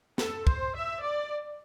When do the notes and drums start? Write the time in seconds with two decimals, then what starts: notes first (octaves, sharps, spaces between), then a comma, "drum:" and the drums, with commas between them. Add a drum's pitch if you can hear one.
0.18 A4, drum: snare
0.47 C5, drum: kick
0.74 E5
1.02 D5